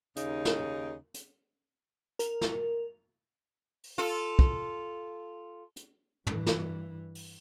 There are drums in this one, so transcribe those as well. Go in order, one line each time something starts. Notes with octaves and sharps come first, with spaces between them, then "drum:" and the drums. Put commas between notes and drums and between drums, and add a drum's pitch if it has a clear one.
D#2 C#3 D#4, drum: hi-hat
drum: snare
drum: hi-hat
A#4, drum: hi-hat
drum: snare
drum: open hi-hat
F4 A4
drum: kick
drum: hi-hat
G2 E3, drum: tom
drum: snare
drum: open hi-hat